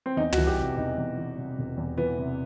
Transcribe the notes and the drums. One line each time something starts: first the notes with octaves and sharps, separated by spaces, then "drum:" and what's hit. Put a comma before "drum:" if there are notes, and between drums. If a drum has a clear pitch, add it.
C4
E2 D#4
F#4, drum: tom
E3
G4
C3
E1 D#4
E2
E3
C3
E1
E2
E3 B3
C3